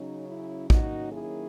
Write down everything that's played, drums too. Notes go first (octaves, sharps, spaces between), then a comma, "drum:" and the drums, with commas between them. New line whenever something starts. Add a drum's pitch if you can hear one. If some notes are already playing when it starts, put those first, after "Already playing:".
Already playing: C#3 F#3 C#4 D#4
E4
D#3 F#3 A#3 C#4 D#4 F#4, drum: kick
E4 G#4